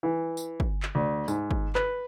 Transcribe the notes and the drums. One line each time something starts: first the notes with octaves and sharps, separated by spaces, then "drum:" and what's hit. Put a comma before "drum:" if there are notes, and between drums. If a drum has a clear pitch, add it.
E3
drum: tambourine
drum: kick
drum: clap
D2
G#2, drum: tambourine
drum: kick
B4, drum: clap